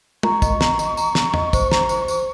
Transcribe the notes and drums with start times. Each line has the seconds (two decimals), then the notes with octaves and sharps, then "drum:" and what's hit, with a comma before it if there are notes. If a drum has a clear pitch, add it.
0.23 A#5 C#6, drum: tom
0.42 D#5, drum: kick, tambourine
0.61 A#5, drum: snare
0.79 D#5, drum: tambourine
0.97 A#5, drum: tambourine
1.15 A#5, drum: snare
1.34 D#5, drum: tom
1.53 C5, drum: kick, tambourine
1.71 A#5, drum: snare
1.89 C5, drum: tambourine
2.08 C5, drum: tambourine